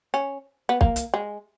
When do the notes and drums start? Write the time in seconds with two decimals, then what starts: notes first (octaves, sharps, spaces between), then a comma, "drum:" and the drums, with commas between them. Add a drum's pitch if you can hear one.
0.14 C#4
0.69 B3
0.81 A#3, drum: kick
0.96 drum: hi-hat
1.14 G#3